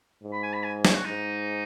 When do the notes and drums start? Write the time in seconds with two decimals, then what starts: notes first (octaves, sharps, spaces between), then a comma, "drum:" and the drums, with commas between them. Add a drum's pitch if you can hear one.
0.23 G#2
0.33 B5
0.43 G#5
0.53 B5
0.64 G#5
0.85 C#5, drum: snare
0.95 F#4
1.05 G#2 D#4